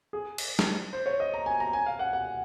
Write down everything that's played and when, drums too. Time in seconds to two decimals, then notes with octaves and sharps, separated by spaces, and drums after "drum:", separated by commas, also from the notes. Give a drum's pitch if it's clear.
0.13 G#4
0.38 drum: cymbal
0.59 drum: snare
0.93 C5
1.06 C#5
1.20 D#5
1.34 A#5
1.46 G#5
1.60 A#5
1.73 G#5
1.86 F5
1.99 F#5
2.13 F#5